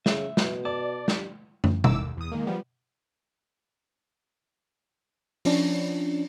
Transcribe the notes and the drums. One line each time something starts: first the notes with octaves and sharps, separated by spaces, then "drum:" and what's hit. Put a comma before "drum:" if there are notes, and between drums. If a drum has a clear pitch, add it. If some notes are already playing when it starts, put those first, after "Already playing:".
C#3 E5, drum: snare
B2, drum: snare
D5 A5
D4 G4, drum: snare
drum: tom
G1 A2 D#3 A3 D6 E6, drum: tom B2
D#2
E2 D#6
D#3 G#3 A#3
F3 G3 B3
F3 C#4 D4, drum: open hi-hat